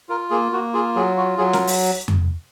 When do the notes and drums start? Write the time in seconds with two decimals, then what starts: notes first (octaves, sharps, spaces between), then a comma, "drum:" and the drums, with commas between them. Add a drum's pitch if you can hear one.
0.09 F4 A#4
0.30 A#3 G#4
0.52 A#3 F#4
0.73 F4 G#4
0.95 F#3 G#4
1.17 F4 F#4
1.38 F#3 G#4
1.53 A#4, drum: snare
1.67 drum: open hi-hat
2.08 drum: tom F2